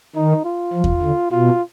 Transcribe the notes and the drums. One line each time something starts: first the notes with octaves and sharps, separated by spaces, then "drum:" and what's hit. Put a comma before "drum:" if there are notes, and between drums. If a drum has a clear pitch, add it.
D#3 D#4
F4
F3
drum: kick E2
D3
B2 F4